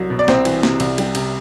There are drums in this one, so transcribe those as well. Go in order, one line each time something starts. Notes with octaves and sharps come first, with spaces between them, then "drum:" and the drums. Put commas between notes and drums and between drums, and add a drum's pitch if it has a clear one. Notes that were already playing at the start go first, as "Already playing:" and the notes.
Already playing: C2 F#3
B2
D5
C2 C4 C5, drum: snare
E3, drum: cymbal
C3, drum: snare
C2, drum: cymbal
G3, drum: cymbal
C3, drum: cymbal